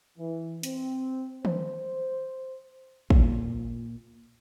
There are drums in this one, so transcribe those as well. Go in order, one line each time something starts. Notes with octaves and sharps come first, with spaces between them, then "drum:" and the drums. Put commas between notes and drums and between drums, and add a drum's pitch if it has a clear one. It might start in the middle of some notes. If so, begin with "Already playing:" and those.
E3
C4, drum: hi-hat
C5, drum: tom D#3
A#2, drum: kick